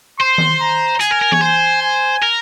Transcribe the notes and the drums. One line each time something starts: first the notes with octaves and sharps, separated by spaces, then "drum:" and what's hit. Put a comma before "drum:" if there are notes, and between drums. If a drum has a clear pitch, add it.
C5 C6
drum: tom D#3
A#5
G#4 G#5, drum: hi-hat
A#4
A#4
C#5, drum: tom E3
C5
G#5
A#4